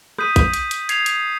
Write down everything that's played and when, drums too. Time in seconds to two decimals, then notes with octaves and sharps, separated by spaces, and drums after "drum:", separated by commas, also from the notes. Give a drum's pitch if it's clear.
0.19 D#6 G6 B6 D#7, drum: rim click
0.36 drum: kick A#1, hi-hat
0.54 drum: hi-hat
0.71 drum: hi-hat
0.89 G#6 C7 F7, drum: hi-hat
1.06 drum: hi-hat